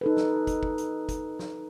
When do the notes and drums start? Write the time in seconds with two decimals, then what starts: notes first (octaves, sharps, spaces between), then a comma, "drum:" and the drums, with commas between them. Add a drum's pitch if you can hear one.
0.01 D#4 A4 B4
0.17 drum: snare
0.47 drum: kick, hi-hat
0.63 drum: kick
0.78 drum: hi-hat
1.09 drum: kick, hi-hat
1.39 drum: snare